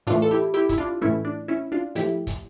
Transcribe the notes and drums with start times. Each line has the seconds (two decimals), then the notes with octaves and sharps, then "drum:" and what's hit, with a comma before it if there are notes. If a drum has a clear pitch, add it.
0.07 A2 E3 A3 D4 F4, drum: hi-hat
0.22 A4
0.31 E4 G4
0.54 E4 G4
0.69 E4, drum: kick, hi-hat
0.78 D4 F4
1.02 A2 E3 A3 C#4 E4
1.25 D4
1.48 C#4 E4
1.72 D4 F4
1.95 A2 F3 A3 E4 G4, drum: hi-hat
2.27 drum: kick, hi-hat